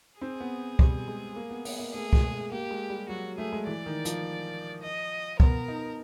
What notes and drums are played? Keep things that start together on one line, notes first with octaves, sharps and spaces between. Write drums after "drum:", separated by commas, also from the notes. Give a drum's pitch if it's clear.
C4 G#4
B3
G3, drum: kick
G#3
A#3
B3
B3, drum: open hi-hat
A#3
A3 G#4
G#3, drum: kick
A#3 G4
G#3
G3
F#3 F#4
A3 G#4
G#3
E3 D5
D#3
F3, drum: hi-hat
D#5
B3 A#4, drum: kick
D#4